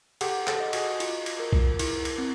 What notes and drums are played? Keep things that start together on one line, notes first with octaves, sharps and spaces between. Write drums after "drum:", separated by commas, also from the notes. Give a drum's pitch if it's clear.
G4 A4 F#5, drum: cymbal
G4 A4, drum: clap
D#5
F#4 G#4, drum: cymbal
F4, drum: cymbal
drum: cymbal
A#4
drum: kick B1
E4, drum: cymbal
drum: cymbal
C4